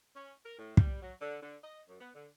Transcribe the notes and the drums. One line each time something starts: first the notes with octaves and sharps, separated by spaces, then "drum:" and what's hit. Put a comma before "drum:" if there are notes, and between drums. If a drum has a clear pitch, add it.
C#4
A#4
A2
G3, drum: kick
F#3
D3
D3
D#5
F#2
B3
D3